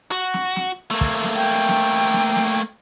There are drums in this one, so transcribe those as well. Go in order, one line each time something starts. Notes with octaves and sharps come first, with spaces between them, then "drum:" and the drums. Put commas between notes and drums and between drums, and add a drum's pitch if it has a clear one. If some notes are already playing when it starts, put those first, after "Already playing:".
F#4
drum: snare
drum: snare
A3 A#3
drum: kick
drum: snare
G5
drum: snare
drum: snare
drum: snare